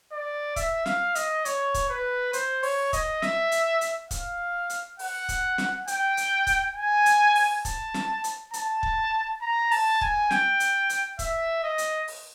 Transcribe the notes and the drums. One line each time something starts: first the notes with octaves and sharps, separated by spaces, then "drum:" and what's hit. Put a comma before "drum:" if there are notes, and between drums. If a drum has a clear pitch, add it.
D5
E5, drum: kick, hi-hat
F5, drum: snare
D#5, drum: hi-hat
C#5, drum: hi-hat
drum: kick, hi-hat
B4
C5, drum: hi-hat
C#5, drum: open hi-hat
D#5, drum: kick, hi-hat
E5, drum: snare
drum: hi-hat
drum: hi-hat
F5, drum: kick, hi-hat
drum: hi-hat
F#5, drum: open hi-hat
drum: kick, hi-hat
drum: snare
G5, drum: hi-hat
drum: hi-hat
drum: kick, hi-hat
G#5
drum: hi-hat
drum: open hi-hat
A5, drum: kick, hi-hat
drum: snare
drum: hi-hat
A5, drum: hi-hat
drum: kick
A#5
A5, drum: open hi-hat
G#5, drum: kick
G5, drum: snare
drum: hi-hat
drum: hi-hat
E5, drum: kick, hi-hat
D#5
drum: hi-hat
drum: open hi-hat